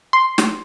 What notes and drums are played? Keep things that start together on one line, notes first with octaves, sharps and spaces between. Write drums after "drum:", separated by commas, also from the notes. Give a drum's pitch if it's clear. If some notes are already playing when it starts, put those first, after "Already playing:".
C6
drum: snare